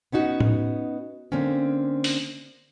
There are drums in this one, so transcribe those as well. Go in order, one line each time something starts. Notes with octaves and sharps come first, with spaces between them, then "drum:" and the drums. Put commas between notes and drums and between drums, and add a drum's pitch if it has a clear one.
B3 C#4 D#4 F#4
drum: tom A2
D3 A#3 C4 C#4
drum: open hi-hat